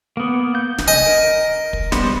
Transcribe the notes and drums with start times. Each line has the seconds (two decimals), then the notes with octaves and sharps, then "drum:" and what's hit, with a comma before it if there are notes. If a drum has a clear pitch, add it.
0.17 A#3 B3
0.55 G6
0.78 drum: snare
0.88 D#5 G#5
1.07 A#4
1.73 drum: kick
1.92 G3 B3 C5, drum: snare